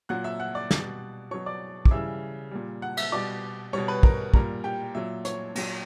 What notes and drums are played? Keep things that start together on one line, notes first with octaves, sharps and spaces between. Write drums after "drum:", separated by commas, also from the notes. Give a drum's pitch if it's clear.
A#2 F#3 F#5 F#6
E5 E6
F#5 F#6
D5 D6
B2 G3, drum: snare
B2 F#3 C#5 C#6
D5 D6
D6, drum: kick
C#3 E3 G3 E5 E6
A#2 G3
F#5 F#6
E5 E6, drum: cymbal
B2 G3 D5 D6
B2 G3 C#5 C#6
B4 B5
A#4 A#5, drum: kick
A#2 G3 A#4 A#5, drum: kick
G4 G5
A#2 F#3 E5
C#5 C#6, drum: hi-hat
A#2 F#3, drum: cymbal